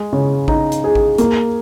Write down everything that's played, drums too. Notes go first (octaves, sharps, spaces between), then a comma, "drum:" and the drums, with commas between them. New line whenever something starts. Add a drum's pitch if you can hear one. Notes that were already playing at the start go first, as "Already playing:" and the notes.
Already playing: G#3
C#3
D#4, drum: kick A1
drum: hi-hat
G#4
drum: kick A1
A#3, drum: hi-hat